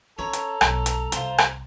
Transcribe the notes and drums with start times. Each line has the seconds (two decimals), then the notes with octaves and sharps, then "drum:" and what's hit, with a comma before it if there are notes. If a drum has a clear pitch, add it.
0.19 C#4 A4 C#5 A#5
0.33 drum: hi-hat
0.61 B1 F#3, drum: rim click
0.86 drum: hi-hat
1.12 C2 F4 C5, drum: hi-hat
1.38 drum: rim click